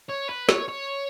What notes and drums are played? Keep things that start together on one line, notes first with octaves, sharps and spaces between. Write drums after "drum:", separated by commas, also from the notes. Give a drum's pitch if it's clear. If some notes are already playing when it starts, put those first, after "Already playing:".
C#5
B4
C#5, drum: snare
C#5